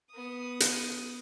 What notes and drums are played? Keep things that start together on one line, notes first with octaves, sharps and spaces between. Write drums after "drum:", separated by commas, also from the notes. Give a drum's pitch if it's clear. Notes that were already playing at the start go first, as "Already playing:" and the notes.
B3 D#6
drum: hi-hat